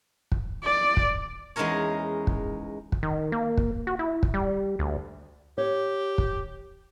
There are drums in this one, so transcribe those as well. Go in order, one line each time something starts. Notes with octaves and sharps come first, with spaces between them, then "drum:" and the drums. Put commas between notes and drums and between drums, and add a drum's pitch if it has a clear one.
drum: kick
D5
drum: kick
E2 G#3 C#4 D#4 A#4 C#5
drum: kick
drum: kick
D#3
A#3
drum: kick
F#4
E4
drum: kick
G3
D2
G4 C#5
drum: kick